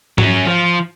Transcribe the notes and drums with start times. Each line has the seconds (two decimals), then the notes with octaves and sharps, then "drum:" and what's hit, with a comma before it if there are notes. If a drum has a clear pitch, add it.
0.18 F#3 C#4, drum: tom G#2
0.46 F3